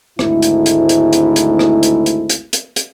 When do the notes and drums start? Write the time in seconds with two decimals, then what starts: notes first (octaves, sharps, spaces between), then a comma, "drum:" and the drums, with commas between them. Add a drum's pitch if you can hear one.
0.19 G#1 D2 G#2 A3 E4, drum: rim click
0.42 drum: hi-hat
0.66 drum: hi-hat
0.89 drum: hi-hat
1.13 drum: hi-hat
1.36 drum: hi-hat
1.59 drum: rim click
1.83 drum: hi-hat
2.06 drum: hi-hat
2.30 drum: hi-hat
2.53 drum: hi-hat
2.76 drum: hi-hat